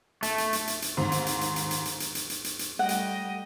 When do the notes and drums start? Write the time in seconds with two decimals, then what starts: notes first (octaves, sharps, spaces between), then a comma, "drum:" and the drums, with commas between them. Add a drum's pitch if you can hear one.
0.23 A3, drum: hi-hat
0.38 drum: hi-hat
0.53 drum: hi-hat
0.67 drum: hi-hat
0.82 drum: hi-hat
0.97 D#2 G#2 C4 C6
1.12 drum: hi-hat
1.26 drum: hi-hat
1.41 drum: hi-hat
1.56 drum: hi-hat
1.71 drum: hi-hat
1.85 drum: hi-hat
2.00 drum: hi-hat
2.15 drum: hi-hat
2.30 drum: hi-hat
2.44 drum: hi-hat
2.59 drum: hi-hat
2.79 G3 A3 D#5 F#5 G5
2.89 drum: hi-hat